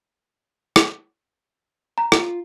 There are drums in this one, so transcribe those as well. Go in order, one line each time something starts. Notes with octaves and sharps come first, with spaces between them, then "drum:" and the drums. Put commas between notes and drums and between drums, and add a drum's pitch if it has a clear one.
drum: rim click
A#5
F4, drum: rim click